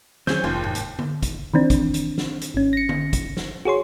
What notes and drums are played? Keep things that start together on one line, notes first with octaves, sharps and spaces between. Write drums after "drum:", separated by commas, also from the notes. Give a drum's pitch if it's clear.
D#3 E3 F#3 C4 C#4 G#4 G6, drum: snare
F1 D#2 F4
G#2
drum: hi-hat
drum: tom D3
drum: kick, hi-hat
D#3 E3 C4 D4
drum: kick, hi-hat
drum: hi-hat
drum: snare
drum: hi-hat
G#1 C#4
A#6 C#7
drum: tom D3
drum: kick, hi-hat
drum: snare
F#4 G#4 C#5 C6